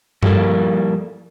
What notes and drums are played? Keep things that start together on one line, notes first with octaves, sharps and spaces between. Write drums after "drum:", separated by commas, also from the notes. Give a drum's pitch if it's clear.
F3 G3 A#3 E4 A4 A#4, drum: tom G2